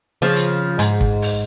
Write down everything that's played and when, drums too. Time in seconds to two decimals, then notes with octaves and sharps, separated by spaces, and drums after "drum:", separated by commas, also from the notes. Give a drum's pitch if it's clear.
0.22 C#3 F3
0.36 drum: hi-hat
0.79 G#2, drum: hi-hat
1.01 drum: kick
1.22 drum: open hi-hat